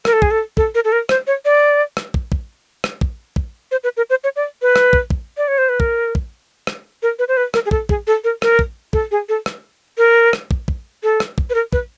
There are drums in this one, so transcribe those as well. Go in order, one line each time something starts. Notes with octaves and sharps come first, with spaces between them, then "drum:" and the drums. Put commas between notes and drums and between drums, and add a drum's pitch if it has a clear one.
A#4, drum: rim click
A4
G#4, drum: kick
A4
A4, drum: kick
A#4
A4
A#4
C5, drum: rim click
C#5
D5
drum: rim click
drum: kick
drum: kick
drum: rim click
drum: kick
drum: kick
C5
B4
A#4
C5
C#5
D5
B4
drum: rim click
drum: kick
drum: kick
D5
C#5
C5
B4
A#4, drum: kick
drum: kick
drum: rim click
A#4
B4
C5
B4
A#4, drum: rim click
G#4
A4, drum: kick
G#4, drum: kick
A4
A#4
A#4, drum: rim click
drum: kick
A4, drum: kick
G#4
A4
drum: rim click
A#4
drum: rim click
drum: kick
drum: kick
A4
drum: rim click
drum: kick
B4
A#4
B4, drum: kick